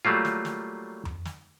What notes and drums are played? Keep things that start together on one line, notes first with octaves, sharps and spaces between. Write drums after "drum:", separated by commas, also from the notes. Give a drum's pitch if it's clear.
F#3 G3 A3 A#3 F4
drum: snare
drum: snare
drum: tom F2
drum: snare